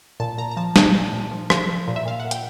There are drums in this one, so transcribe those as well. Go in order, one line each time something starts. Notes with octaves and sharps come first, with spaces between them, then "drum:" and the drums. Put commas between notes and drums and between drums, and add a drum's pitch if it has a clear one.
A#2 A5
A#2 A#5
A#5
F3 A5
A#2 G#5, drum: snare
F3 A5
A#2
F3
F3, drum: rim click
F3
A#2
E5
A#2 F5
F#5
A#2
G5, drum: hi-hat